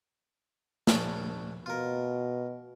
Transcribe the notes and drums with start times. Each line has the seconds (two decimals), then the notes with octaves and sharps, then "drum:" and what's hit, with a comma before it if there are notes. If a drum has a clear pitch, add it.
0.87 A#1 C#4 D4, drum: snare
1.66 B2 F4 A#4